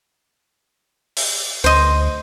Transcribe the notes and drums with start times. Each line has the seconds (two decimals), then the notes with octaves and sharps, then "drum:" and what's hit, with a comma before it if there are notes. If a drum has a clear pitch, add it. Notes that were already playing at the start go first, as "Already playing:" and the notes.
1.17 drum: open hi-hat
1.64 D2 C5 D#5